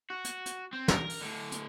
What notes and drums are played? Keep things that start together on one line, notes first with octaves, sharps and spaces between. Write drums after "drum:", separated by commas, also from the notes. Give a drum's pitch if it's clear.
F#4
drum: hi-hat
drum: hi-hat
C4
A#4, drum: snare
drum: open hi-hat
A2 D3
drum: hi-hat